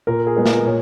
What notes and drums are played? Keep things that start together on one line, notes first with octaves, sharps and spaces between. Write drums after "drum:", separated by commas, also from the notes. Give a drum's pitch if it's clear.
A#2 A#4
G#4
G#3 B3
A#4, drum: snare
A#2 C#5